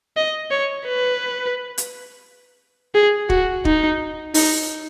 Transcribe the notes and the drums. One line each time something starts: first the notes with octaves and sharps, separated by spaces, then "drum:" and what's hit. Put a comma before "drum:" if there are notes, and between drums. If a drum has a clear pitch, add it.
D#5
C#5
B4
drum: hi-hat
G#4
F#4, drum: kick
D#4, drum: kick
D#4, drum: open hi-hat